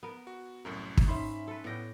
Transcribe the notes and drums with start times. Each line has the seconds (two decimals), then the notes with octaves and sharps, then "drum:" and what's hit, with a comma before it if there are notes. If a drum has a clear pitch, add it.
0.03 B3 A#4
0.27 F#4
0.65 C2 F#2 A2 A#4
0.97 drum: kick
1.08 G#2 C#4 E5 B5 C6
1.48 A4 B4
1.64 A2 B3 D5 G5 A#6